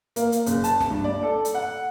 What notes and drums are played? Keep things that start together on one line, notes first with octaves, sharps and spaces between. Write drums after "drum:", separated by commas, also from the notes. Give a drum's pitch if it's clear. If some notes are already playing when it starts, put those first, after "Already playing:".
A#3, drum: hi-hat
drum: hi-hat
F#1, drum: hi-hat
A5, drum: hi-hat
drum: snare
G2
D5
A4
drum: hi-hat
F#5